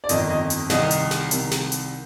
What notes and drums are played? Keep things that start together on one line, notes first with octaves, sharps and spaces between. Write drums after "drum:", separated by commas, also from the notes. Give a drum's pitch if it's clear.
D5
G1 F2 D#3 D#5, drum: hi-hat
D#5
drum: hi-hat
C2 C3 D#3 D#5, drum: snare
drum: hi-hat
drum: snare
C2 C3 D#3, drum: hi-hat
drum: snare
drum: hi-hat